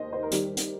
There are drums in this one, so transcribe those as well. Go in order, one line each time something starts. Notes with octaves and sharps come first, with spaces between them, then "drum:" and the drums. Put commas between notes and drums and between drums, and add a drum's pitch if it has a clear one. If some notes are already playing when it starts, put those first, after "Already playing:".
Already playing: D#2 D#3 C5 D#5
C5
A#4
D#3 G3 G4, drum: hi-hat
drum: hi-hat